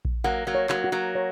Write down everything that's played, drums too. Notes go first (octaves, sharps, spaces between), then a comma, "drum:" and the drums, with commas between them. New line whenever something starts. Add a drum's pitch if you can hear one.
drum: kick A#1
F#3 A#3 F#5
F#3 A#3
C#5
F#3 A#3, drum: clap
F#4
F#3 A#3
C#5